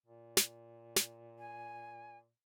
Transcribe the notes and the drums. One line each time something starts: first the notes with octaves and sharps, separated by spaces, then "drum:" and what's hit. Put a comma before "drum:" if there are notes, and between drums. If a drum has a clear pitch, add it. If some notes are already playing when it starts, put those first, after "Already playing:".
A#2
drum: snare
drum: snare
G#5